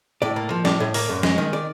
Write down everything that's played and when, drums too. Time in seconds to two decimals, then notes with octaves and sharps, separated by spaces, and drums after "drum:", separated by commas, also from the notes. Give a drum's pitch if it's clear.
0.22 A2 D5
0.36 A#3
0.50 F3
0.65 A2 D5, drum: snare
0.80 A2
0.94 A#3, drum: open hi-hat
1.09 F#2
1.23 G#3, drum: snare
1.38 D#3
1.53 D5